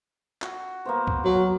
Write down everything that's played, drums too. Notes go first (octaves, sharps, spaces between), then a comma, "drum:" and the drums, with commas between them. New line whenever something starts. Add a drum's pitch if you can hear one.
F#4, drum: clap
A#3 B3 C5
drum: kick
F#3